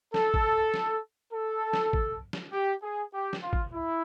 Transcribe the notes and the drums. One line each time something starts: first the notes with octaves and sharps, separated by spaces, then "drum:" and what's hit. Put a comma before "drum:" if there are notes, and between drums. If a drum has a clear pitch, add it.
A4, drum: snare
drum: kick
drum: snare
A4
drum: snare
drum: kick
drum: snare
G4
G#4
G4
drum: snare
F4
drum: kick
E4